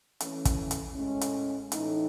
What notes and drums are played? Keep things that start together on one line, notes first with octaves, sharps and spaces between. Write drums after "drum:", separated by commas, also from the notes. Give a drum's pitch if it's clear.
E3 A3 C#4, drum: hi-hat
drum: kick, hi-hat
drum: hi-hat
A2 G#3 C#4
drum: hi-hat
A2 E3 A3 D#4, drum: hi-hat